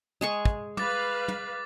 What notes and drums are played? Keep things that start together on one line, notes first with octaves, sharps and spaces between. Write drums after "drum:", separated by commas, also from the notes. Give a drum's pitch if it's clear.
G#3 G#4 C#6
drum: kick
B4 F5 D6 A6, drum: tom
drum: tom